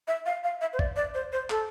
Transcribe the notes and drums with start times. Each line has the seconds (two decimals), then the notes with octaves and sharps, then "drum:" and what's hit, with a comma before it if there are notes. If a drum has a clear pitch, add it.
0.08 E5
0.26 F5
0.44 F5
0.61 E5
0.73 C5
0.79 D5, drum: kick A#1
0.96 D5
1.14 C5
1.32 C5
1.50 A4, drum: clap